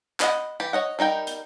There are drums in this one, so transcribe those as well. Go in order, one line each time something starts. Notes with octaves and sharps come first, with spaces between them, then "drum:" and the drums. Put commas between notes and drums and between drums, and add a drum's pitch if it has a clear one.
B4 D#5 F#5, drum: clap
E3 G4
C#5 D#5 F#5
G3 D#4 A#4 G5
drum: hi-hat